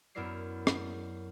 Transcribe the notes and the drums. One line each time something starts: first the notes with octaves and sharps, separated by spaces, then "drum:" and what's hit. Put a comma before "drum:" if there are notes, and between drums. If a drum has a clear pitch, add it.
F#2 B3 E4 A#4 D5 C7
drum: rim click